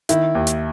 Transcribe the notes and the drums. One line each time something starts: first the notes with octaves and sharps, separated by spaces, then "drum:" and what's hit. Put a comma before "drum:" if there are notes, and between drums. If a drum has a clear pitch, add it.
D#3 E4, drum: hi-hat
D#2
drum: hi-hat